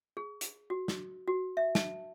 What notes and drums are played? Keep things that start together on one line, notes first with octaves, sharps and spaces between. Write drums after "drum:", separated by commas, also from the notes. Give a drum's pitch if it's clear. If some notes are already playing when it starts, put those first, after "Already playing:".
G#4
drum: hi-hat
F#4
drum: snare
F#4
E5
A5, drum: snare